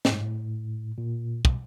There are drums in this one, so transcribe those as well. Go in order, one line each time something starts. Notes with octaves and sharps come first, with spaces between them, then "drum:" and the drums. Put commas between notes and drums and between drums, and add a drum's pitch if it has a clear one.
A2, drum: snare
G#2
A2
A#2
B2, drum: kick